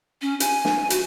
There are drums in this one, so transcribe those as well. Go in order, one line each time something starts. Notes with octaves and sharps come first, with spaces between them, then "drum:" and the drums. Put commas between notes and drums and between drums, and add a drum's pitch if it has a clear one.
C#4
G#5, drum: hi-hat
drum: snare
F#4, drum: hi-hat